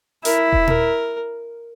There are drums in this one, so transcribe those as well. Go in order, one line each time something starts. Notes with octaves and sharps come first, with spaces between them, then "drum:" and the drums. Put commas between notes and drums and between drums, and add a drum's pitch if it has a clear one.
E4 A#4, drum: hi-hat
drum: kick E1
A#4, drum: tom A#2